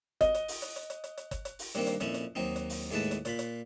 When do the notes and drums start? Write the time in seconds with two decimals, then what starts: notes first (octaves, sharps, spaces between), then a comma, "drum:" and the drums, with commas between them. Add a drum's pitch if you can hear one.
0.21 D#5, drum: kick, hi-hat
0.34 drum: hi-hat
0.48 drum: open hi-hat
0.62 drum: hi-hat
0.76 drum: hi-hat
0.90 drum: hi-hat
1.04 drum: hi-hat
1.17 drum: hi-hat
1.31 drum: kick, hi-hat
1.45 drum: hi-hat
1.59 drum: open hi-hat
1.75 G2 D#3 A#3 C4, drum: hi-hat
1.87 drum: hi-hat
2.00 F2 A#2 C#4 E4, drum: hi-hat
2.14 drum: hi-hat
2.35 D#2 F#3 C4 D#4
2.56 drum: hi-hat
2.70 drum: open hi-hat
2.91 D#2 A2 G#3 B4 A5
3.11 drum: hi-hat
3.25 A#2 F4 B5, drum: hi-hat
3.39 drum: hi-hat